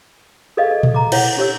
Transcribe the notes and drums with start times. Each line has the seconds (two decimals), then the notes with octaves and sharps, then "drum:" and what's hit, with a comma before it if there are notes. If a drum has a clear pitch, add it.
0.57 G#4 A4 B4 D5 D#5 F5
0.71 A4
0.83 drum: tom A#2
0.94 A#5 D6
1.12 E4 B4 C#5 F#5, drum: cymbal
1.37 D4 G4 C#5 E6